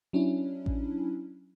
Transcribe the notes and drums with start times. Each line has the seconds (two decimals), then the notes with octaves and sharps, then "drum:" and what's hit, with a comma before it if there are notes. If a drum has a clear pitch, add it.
0.13 F#3 C#4 D4 E4
0.66 drum: kick A1